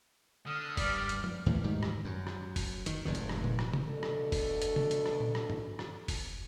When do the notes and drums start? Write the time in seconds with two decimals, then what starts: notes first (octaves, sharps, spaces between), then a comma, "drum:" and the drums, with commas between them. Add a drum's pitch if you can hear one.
0.47 D3 D#6 F6
0.77 G2 G3 D5, drum: kick F1, open hi-hat
1.09 drum: hi-hat
1.24 drum: tom F3
1.46 D#2 A2 E3 F3
1.64 G#2 D#3 G3
1.83 drum: rim click
2.05 F#2
2.27 drum: rim click
2.56 drum: kick F1, open hi-hat
2.86 D#3, drum: hi-hat
3.05 F1 G#2 D#3
3.15 drum: hi-hat
3.29 drum: rim click
3.44 drum: tom A#2
3.59 drum: rim click
3.73 drum: tom C3
3.88 D2 B2 D4 A4
4.03 drum: rim click
4.32 drum: kick F1, open hi-hat
4.62 drum: hi-hat
4.76 drum: tom C3
4.91 drum: hi-hat
5.06 drum: rim click
5.20 drum: tom A#2
5.35 drum: rim click
5.50 drum: tom G2
5.79 drum: rim click
6.08 drum: kick F1, open hi-hat